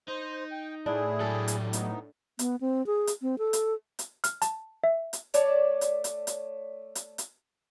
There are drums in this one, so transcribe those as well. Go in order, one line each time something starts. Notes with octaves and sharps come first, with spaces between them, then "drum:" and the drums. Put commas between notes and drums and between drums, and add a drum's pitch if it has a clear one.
D#4 C5
G5
A2 D4 E4 G#4
F#3 G4 A4
drum: hi-hat
B3 D#4, drum: hi-hat
B3, drum: hi-hat
C4
G#4
drum: hi-hat
C4
A4
drum: hi-hat
drum: hi-hat
F6, drum: hi-hat
A5, drum: hi-hat
E5
drum: hi-hat
A3 C#5 D5 A5, drum: hi-hat
drum: hi-hat
drum: hi-hat
drum: hi-hat
drum: hi-hat
drum: hi-hat